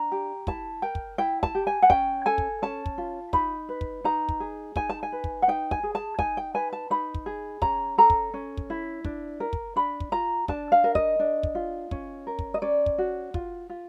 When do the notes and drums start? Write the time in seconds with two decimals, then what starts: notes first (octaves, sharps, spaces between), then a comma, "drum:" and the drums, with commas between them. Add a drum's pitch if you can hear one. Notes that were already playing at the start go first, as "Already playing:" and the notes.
Already playing: D4 A#5
0.12 G4
0.47 E4 A5, drum: kick
0.82 A#4 G5
0.95 drum: kick
1.18 E4 G5
1.43 A5, drum: kick
1.55 G4
1.67 G#5
1.82 F#5
1.90 C#4 G5, drum: kick
2.26 A4 G#5
2.38 drum: kick
2.62 C#4 A5
2.86 drum: kick
2.98 F4
3.33 D#4 B5, drum: kick
3.69 B4
3.81 drum: kick
4.04 D#4 A#5
4.29 drum: kick
4.40 G#4
4.76 D#4 G#5, drum: kick
4.89 A5
5.03 G#5
5.12 B4
5.24 drum: kick
5.42 F#5
5.48 D#4 G5
5.71 G#5, drum: kick
5.83 G#4
5.95 A5
6.19 D#4 G#5, drum: kick
6.37 G5
6.54 B4 G#5
6.73 A5
6.90 D#4 B5
7.14 drum: kick
7.26 G#4
7.62 C#4 A#5, drum: kick
7.98 A4 A#5
8.10 drum: kick
8.34 C#4
8.57 drum: kick
8.70 E4
9.04 D4, drum: kick
9.40 A#4
9.53 drum: kick
9.76 D4 B5
10.00 drum: kick
10.12 F4 A#5
10.48 D4 A5, drum: kick
10.72 F5
10.84 A#4
10.95 D#5, drum: kick
11.19 D4
11.43 drum: kick
11.55 F4
11.91 C#4, drum: kick
12.27 A#4
12.39 drum: kick
12.54 D#5
12.62 C#4 D5
12.86 drum: kick
12.98 F#4
13.34 F4, drum: kick
13.70 F4